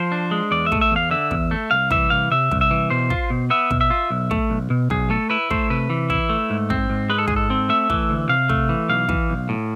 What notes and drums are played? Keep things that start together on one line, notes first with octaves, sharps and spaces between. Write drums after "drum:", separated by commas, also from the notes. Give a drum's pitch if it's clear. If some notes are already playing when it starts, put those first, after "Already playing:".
Already playing: F3 C5
D4
G#3
E2 D5
E5
A3, drum: kick
E5
E2 F5
D3 E5
E2, drum: kick
A3
C2 F5
E3 E5, drum: kick
C2 F5
C3 E5
C2, drum: kick
E5
E3
B2 C5
F4, drum: kick
B2
B3 E5
B2, drum: kick
E5
F4
B1
A3, drum: kick
B1
B2
B1 G#4, drum: kick
A3 A4
E4 B4
A3 C5, drum: kick
C3 B4
E3
E4, drum: kick
A3
G#2
C4, drum: kick
G#2
G#3 B4
A4
G#2 G#4, drum: kick
A4
C4
A3 E5
E3, drum: kick
D2
C3 F5
A3, drum: kick
E3
B1 F5
E3, drum: kick
B1
A2